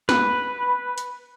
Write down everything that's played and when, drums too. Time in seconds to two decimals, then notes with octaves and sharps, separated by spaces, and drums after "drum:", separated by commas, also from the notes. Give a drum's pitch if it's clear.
0.09 B4, drum: snare
0.98 drum: hi-hat